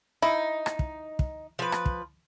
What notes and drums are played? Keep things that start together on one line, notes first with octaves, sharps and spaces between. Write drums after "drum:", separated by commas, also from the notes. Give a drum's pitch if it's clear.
D#4 E4
drum: rim click
drum: kick
drum: kick
F3 B4
drum: rim click
drum: kick